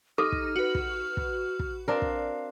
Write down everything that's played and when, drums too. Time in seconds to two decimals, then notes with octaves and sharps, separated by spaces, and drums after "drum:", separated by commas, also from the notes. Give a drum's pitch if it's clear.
0.18 D#4 G4 A4 D6 F6
0.32 drum: kick
0.56 F#4 B4
0.75 drum: kick
1.17 drum: kick
1.59 drum: kick
1.88 C4 D4 A#4 F5
2.02 drum: kick